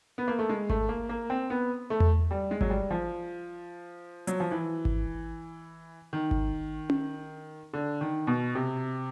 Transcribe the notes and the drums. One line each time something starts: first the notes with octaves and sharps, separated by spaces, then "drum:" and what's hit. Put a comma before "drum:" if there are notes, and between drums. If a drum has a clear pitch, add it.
B3
A#3
A3
G#3
A3, drum: kick G#1
A#3
A#3
C4
B3
A3
drum: tom E2
G3
G#3
F#3, drum: kick G#1
G3
F3
F#3, drum: hi-hat
F3
E3
drum: kick G#1
D#3
drum: kick G#1
drum: tom C#4
D3
D#3
B2
C3